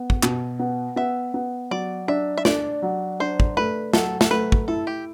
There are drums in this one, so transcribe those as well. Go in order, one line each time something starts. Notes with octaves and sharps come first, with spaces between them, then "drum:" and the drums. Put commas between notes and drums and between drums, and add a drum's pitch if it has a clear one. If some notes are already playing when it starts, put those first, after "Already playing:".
Already playing: B3
drum: kick
B2, drum: clap
B3
B3 E5
B3
F#3 D5
D4 E5
E5
D4 D5, drum: snare
F#3
D4 C5
drum: kick
A3 B4
F#3 A4, drum: snare
A4, drum: snare
A3 B4
drum: kick
E4 A4
G4